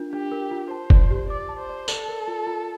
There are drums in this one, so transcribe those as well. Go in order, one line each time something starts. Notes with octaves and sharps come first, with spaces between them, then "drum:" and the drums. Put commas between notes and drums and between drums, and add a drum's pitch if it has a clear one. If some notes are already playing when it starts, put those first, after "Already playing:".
Already playing: D4 F4 A#4
D4 G4
A#4
F4
C5 A5
D5, drum: kick
G4
D5 D6
A5
C5
D5
A4 D5, drum: tambourine
A#4
F4
F4